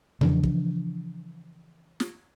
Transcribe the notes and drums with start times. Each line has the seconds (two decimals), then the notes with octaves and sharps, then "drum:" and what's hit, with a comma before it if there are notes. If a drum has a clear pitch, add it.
0.21 C#3 E3 F3 D4, drum: tom E2
0.43 drum: kick
2.00 drum: snare